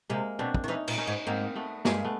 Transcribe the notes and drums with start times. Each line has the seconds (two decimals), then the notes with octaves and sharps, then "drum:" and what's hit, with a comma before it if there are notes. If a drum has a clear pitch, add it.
0.10 C3 G#3 A#3
0.39 B2 C4 D4
0.54 drum: kick
0.64 D#3
0.68 E3 C#4 D#4
0.88 A#2, drum: cymbal
0.98 C#4 D#4
1.07 G#2
1.27 G#2 A#3 C4
1.55 A3 B3
1.85 G2 G#3 A#3, drum: snare
2.05 A3 B3